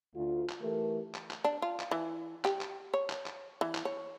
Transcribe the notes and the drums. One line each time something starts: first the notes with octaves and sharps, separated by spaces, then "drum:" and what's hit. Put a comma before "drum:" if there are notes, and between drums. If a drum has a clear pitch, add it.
D2 F4
drum: clap
E3 A3 G4 A4 A#4
drum: clap
drum: clap
D4
F4
drum: clap
E3
G4, drum: clap
drum: clap
C#5
drum: clap
drum: clap
E3
drum: clap
C#5